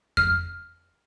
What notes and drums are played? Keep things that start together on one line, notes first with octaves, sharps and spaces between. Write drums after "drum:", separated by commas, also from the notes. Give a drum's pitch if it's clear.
F6, drum: kick F2